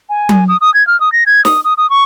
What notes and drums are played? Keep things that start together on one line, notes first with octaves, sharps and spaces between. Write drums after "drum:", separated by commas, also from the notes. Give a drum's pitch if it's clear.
G#5
drum: tom F#3
D#6
D#6
G#6
F6
D#6
A#6
G#6
D#6, drum: snare
D#6
D#6
C#6